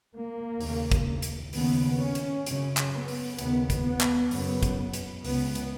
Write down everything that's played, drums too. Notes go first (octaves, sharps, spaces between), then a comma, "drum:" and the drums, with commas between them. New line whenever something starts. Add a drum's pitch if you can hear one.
A#3
D#2 C#3, drum: open hi-hat
drum: kick, hi-hat
drum: hi-hat
D#2 C#3 B3, drum: open hi-hat
C#4
drum: hi-hat
F#2 C#3 C#4, drum: hi-hat
drum: clap
B3
drum: open hi-hat
D#2 C#3 B3, drum: hi-hat
drum: kick, hi-hat
B3
drum: clap
F#2 C#3 B3, drum: open hi-hat
drum: kick, hi-hat
drum: hi-hat
C#2 C#3 B3, drum: open hi-hat
drum: hi-hat